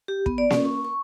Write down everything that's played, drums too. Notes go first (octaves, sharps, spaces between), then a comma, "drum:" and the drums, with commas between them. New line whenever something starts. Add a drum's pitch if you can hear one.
G4
B3, drum: kick
D5
C#4, drum: snare A#3
C#6
C#6